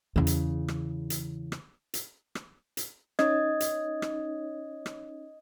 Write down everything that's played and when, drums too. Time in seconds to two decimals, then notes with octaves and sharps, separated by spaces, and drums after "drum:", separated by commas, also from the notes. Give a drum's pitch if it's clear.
0.16 E2 C#3
0.27 drum: hi-hat
0.68 drum: rim click
1.10 drum: hi-hat
1.52 drum: rim click
1.94 drum: hi-hat
2.35 drum: rim click
2.77 drum: hi-hat
3.19 C#4 D#4 C#5 D#5 D#6 G#6, drum: rim click
3.60 drum: hi-hat
4.02 drum: rim click
4.86 drum: rim click